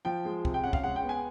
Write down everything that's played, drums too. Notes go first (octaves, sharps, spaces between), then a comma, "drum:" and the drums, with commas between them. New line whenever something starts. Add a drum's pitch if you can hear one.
F3 G5
G#3
C3, drum: kick
G5
C#4 F#5
F5, drum: kick
G#3 F#5
G5
B3
G#5